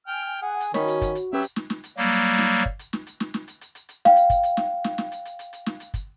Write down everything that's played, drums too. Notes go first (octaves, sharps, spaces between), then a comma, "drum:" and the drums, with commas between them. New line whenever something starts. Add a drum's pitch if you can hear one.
G5 G#5 F6
G#4 F#5
drum: hi-hat
D#3 C#4 F#4 C#5 B5, drum: snare
drum: hi-hat
drum: kick, hi-hat
drum: hi-hat
F#3 C#4 G4 B4 E5
drum: hi-hat
drum: snare
drum: snare
drum: hi-hat
F#3 G3 A#3, drum: hi-hat
drum: hi-hat
drum: hi-hat
drum: snare
drum: hi-hat
drum: kick
drum: hi-hat
drum: snare
drum: hi-hat
drum: snare
drum: snare
drum: hi-hat
drum: hi-hat
drum: hi-hat
drum: hi-hat
F5 G5, drum: snare
drum: hi-hat
drum: kick, hi-hat
drum: hi-hat
drum: snare
drum: snare
drum: snare
drum: hi-hat
drum: hi-hat
drum: hi-hat
drum: hi-hat
drum: snare
drum: hi-hat
drum: kick, hi-hat